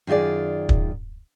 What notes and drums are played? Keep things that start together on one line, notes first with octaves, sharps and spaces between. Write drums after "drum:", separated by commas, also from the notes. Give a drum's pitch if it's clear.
F#2 D#3 F4 G#4 D5
drum: kick